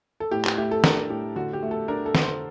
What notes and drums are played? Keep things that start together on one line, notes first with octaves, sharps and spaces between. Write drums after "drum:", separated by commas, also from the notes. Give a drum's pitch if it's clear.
A4
A2 G4
G4, drum: clap
A3 G4
A4
D4 A#4, drum: snare
A2 G4
D3 F#4
G4
A3
A4
D4 A#4
A4
D3, drum: snare
C5